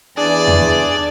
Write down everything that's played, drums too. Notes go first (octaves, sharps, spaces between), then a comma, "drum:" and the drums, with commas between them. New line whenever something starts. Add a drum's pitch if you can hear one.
E2 D4 G#4 D5
drum: tom E2